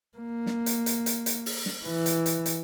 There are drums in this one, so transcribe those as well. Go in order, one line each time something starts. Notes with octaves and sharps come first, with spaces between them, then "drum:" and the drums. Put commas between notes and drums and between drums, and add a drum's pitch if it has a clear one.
A#3
drum: snare
drum: hi-hat
drum: hi-hat
drum: hi-hat
drum: hi-hat
drum: open hi-hat
drum: snare
E3
drum: hi-hat
drum: hi-hat
drum: hi-hat